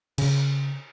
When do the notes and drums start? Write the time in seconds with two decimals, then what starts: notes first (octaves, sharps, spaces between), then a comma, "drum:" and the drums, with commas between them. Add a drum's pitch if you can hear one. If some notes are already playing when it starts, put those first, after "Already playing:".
0.18 C#3, drum: cymbal